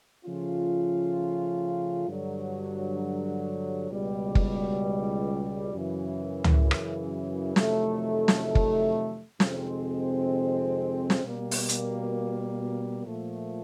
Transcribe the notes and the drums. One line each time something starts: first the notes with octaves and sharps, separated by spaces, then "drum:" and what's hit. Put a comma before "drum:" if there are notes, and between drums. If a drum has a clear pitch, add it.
C#3 F3 A3 C#4 F4
G2 D3 F#3
C#2 B2 G3
drum: kick
F#2 C#3 E3
drum: tom C#2
drum: rim click
F2 C3 D#3 F#3 A3, drum: snare
drum: snare
drum: kick
F2 C3 D#3 G#3 C4, drum: snare
drum: snare
B2 G3 A#3
drum: open hi-hat
drum: hi-hat
A#2 F3 A3